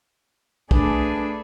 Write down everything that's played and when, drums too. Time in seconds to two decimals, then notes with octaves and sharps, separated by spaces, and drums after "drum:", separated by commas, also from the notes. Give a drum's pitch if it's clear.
0.71 A3 D4 G#4 B4, drum: kick